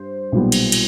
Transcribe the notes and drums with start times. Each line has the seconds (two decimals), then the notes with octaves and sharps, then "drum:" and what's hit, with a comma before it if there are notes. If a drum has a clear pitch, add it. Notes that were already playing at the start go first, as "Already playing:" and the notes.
Already playing: G2 C5
0.32 B1 A#2 G3 B3
0.52 drum: cymbal
0.72 drum: cymbal